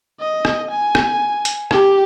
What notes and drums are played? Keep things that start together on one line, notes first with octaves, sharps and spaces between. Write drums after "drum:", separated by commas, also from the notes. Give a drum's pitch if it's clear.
D#5
drum: rim click
G#5
drum: rim click
drum: hi-hat
G4, drum: rim click